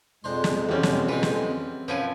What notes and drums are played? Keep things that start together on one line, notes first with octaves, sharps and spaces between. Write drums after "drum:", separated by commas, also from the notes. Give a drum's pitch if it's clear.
F2 G#3 D4 C5 C6
drum: snare
E2 B2 G3 C4 C#4 F#4
drum: snare
E3 C4 B4
drum: snare
F#2 F3 B4 G#5